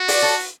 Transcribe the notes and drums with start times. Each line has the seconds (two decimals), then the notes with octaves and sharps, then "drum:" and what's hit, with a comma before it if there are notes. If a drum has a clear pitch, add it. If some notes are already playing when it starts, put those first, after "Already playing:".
Already playing: F#4
0.08 B4 D5, drum: open hi-hat
0.22 A4 C#5